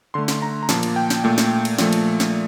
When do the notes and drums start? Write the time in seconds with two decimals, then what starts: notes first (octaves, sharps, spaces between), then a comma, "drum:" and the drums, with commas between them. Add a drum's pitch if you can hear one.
0.14 D3 A3 C6
0.28 drum: snare
0.42 A#5
0.63 A#5
0.69 A#2 F3 A#3 A5, drum: snare
0.83 drum: cymbal
0.96 G5
1.10 drum: snare
1.24 A#2 A3 G5
1.38 drum: snare
1.65 drum: cymbal
1.78 A#2 F3 A3, drum: snare
1.93 drum: cymbal
2.20 drum: snare